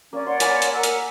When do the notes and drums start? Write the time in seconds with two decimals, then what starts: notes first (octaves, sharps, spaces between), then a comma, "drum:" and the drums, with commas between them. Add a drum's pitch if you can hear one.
0.13 A#3 C#4 D5
0.27 C#5 D5 F#5 C6
0.40 A#3 G#5 B5, drum: hi-hat
0.62 drum: hi-hat
0.73 A#4 F#5 E6
0.83 drum: hi-hat